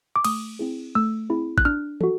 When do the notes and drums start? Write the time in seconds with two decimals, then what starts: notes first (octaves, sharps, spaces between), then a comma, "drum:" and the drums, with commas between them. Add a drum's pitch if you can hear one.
0.16 D6
0.24 A3 D#6, drum: cymbal
0.59 C4 E4 G#4
0.95 A3 E6
1.30 C4 E4 G#4
1.58 F#6, drum: kick G#1
1.65 D4 F6
2.01 F#4 A4, drum: tom